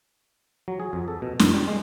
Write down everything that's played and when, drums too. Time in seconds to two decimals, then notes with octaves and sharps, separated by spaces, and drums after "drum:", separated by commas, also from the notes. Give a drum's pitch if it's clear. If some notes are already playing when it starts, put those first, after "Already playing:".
0.68 F#3
0.80 G#4
0.93 F2
1.08 A4
1.22 B2
1.39 F#2, drum: snare
1.54 G3
1.68 G#3